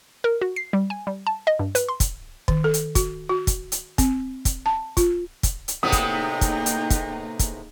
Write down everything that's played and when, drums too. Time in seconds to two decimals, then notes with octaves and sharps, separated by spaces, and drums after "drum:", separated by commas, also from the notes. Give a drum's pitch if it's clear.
0.24 A#4
0.41 F#4
0.56 C7
0.73 G3
0.90 G#5
1.07 G3
1.27 A5
1.47 D#5
1.59 G2
1.75 B4, drum: hi-hat
1.89 C6
2.00 drum: kick, hi-hat
2.48 D#3, drum: kick
2.64 A4
2.74 drum: hi-hat
2.95 F#4, drum: kick, hi-hat
3.29 F#4
3.47 drum: kick, hi-hat
3.72 drum: hi-hat
3.98 C4, drum: kick, hi-hat
4.45 drum: kick, hi-hat
4.66 A5
4.97 F4, drum: kick, hi-hat
5.43 drum: kick, hi-hat
5.68 drum: hi-hat
5.83 A2 C3 A#3 B3 D#4 G#4 G5 D#6
5.92 drum: kick, hi-hat
6.41 drum: kick, hi-hat
6.66 drum: hi-hat
6.90 drum: kick, hi-hat
7.39 drum: kick, hi-hat